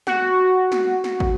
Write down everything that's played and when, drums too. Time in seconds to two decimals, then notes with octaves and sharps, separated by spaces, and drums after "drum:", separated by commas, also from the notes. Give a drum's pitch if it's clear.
0.07 F#4, drum: snare
0.72 drum: snare
1.04 drum: snare
1.20 drum: kick